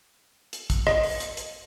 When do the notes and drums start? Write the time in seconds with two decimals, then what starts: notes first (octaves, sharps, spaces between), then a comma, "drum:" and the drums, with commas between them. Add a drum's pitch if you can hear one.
0.53 drum: hi-hat
0.70 drum: kick, hi-hat
0.87 D#5, drum: rim click
1.03 drum: open hi-hat
1.20 drum: hi-hat
1.37 drum: hi-hat